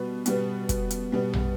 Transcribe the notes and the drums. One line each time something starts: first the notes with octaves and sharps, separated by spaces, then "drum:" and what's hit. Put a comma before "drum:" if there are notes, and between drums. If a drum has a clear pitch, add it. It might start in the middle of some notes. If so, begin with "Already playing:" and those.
Already playing: B2 G3 B4
B2 G3 B3, drum: hi-hat
drum: kick, hi-hat
drum: hi-hat
B2 G3 B3
drum: tom A#1